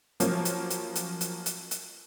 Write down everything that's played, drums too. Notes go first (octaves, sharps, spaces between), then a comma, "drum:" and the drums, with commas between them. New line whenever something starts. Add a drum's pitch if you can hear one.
F3 F#3 A#3 C#4, drum: hi-hat
drum: hi-hat
drum: hi-hat
drum: hi-hat
drum: hi-hat
drum: hi-hat
drum: hi-hat